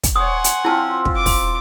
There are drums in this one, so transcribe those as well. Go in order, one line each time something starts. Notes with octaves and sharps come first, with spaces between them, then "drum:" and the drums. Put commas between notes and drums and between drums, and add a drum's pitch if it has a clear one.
drum: kick, hi-hat
C5 C#5 F#5 G#5 D#6
drum: hi-hat
F3 C4 E4 F4 A5
drum: kick
D6
drum: kick, open hi-hat